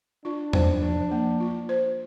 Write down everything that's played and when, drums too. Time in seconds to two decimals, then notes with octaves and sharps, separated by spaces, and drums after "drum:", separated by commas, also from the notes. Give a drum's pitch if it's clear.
0.25 D4 F4
0.53 C5, drum: tom E2
0.82 F3
1.11 A#3
1.40 F4
1.69 C5